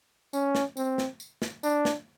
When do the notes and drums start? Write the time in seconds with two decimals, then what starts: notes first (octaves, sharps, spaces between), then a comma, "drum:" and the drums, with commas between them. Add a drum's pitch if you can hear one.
0.33 C#4, drum: tambourine
0.55 drum: snare
0.77 C4, drum: tambourine
0.98 drum: snare
1.20 drum: tambourine
1.42 drum: snare
1.63 D4, drum: tambourine
1.85 drum: snare